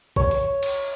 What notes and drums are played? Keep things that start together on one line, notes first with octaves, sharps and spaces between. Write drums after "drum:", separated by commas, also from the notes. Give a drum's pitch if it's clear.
C#5, drum: kick
drum: hi-hat
drum: cymbal